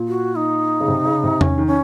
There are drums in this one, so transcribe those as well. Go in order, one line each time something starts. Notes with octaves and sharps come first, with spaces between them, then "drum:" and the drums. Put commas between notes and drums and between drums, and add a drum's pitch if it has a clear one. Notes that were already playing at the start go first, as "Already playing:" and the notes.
Already playing: A#2
F#4
D#4
C#3
C3
C#3
C3
D#3 C#4, drum: tom E2
D#3
C#4